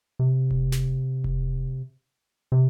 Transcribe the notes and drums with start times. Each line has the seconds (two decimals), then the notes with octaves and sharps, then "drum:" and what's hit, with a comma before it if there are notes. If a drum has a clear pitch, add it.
0.19 C3
0.51 drum: kick E1
0.72 drum: snare
1.24 drum: kick E1
2.52 C3